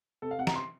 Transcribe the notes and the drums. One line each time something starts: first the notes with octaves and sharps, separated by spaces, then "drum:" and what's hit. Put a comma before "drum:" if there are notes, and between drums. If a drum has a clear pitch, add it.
C3 A4
F5
C3 F#5
A#5, drum: snare
C6